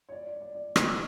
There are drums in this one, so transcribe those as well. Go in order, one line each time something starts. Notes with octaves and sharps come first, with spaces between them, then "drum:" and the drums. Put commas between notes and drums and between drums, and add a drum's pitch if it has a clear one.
C#5
D5
D5
D5
D5
D#5, drum: rim click
D5